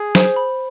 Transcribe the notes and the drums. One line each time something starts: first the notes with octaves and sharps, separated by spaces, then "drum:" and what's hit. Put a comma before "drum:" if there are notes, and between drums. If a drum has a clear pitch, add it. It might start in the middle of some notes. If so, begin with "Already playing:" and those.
Already playing: G#4
C5, drum: snare
B5